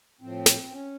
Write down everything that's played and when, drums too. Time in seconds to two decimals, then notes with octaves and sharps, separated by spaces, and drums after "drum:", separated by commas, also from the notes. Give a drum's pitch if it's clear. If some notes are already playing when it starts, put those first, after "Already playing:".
0.21 A2 F3 C4
0.46 drum: snare
0.71 C#4